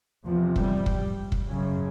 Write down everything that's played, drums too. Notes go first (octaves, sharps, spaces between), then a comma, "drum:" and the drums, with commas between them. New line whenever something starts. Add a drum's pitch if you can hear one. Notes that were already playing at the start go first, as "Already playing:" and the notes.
E2 C3 F3
G3, drum: kick
drum: kick
drum: kick
F#2 C#3